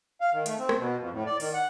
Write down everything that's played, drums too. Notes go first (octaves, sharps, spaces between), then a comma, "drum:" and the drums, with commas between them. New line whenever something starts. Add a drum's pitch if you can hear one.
F5
D#3
A3, drum: hi-hat
C4
drum: rim click
B2
F2
A2
D5
D#3, drum: open hi-hat
F#5